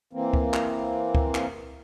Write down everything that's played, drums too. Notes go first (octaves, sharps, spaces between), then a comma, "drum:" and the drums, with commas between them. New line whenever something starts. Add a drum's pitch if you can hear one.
E3 A#3 C4
drum: kick C#2
drum: clap
drum: kick C#2
drum: clap